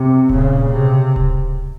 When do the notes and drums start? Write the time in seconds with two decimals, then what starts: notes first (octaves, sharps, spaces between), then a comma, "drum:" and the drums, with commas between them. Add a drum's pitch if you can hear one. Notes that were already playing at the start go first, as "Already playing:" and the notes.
Already playing: C3
0.29 A#2 C#3, drum: kick D1
0.73 C3
1.16 drum: kick D1